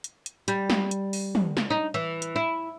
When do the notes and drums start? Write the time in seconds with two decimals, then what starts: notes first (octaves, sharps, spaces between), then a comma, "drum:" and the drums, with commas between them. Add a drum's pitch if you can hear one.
0.04 drum: hi-hat
0.26 drum: hi-hat
0.48 G3, drum: hi-hat
0.70 drum: snare
0.91 drum: hi-hat
1.13 drum: open hi-hat
1.35 drum: tom
1.57 drum: snare
1.70 D#4
1.94 E3
2.22 drum: hi-hat
2.36 E4